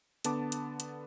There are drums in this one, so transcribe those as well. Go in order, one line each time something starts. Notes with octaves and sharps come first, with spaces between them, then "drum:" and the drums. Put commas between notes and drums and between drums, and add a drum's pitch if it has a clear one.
D3 B3 A5 D6, drum: hi-hat
drum: hi-hat
drum: hi-hat